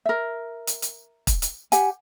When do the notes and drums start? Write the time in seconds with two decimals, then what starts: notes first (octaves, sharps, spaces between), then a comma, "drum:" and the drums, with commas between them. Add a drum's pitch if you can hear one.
0.06 A#4 E5
0.67 drum: hi-hat
0.82 drum: hi-hat
1.27 drum: kick, hi-hat
1.42 drum: hi-hat
1.72 G4 F#5 G#5, drum: hi-hat